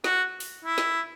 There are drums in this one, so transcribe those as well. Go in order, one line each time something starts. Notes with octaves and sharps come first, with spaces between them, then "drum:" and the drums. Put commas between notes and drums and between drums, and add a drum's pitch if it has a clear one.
F#4, drum: snare
drum: open hi-hat
E4
drum: snare